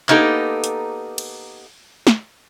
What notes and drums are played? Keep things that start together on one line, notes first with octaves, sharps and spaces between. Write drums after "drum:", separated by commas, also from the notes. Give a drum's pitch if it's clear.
A#3 B3 D#4 G4 A4, drum: clap
drum: hi-hat
drum: cymbal
drum: snare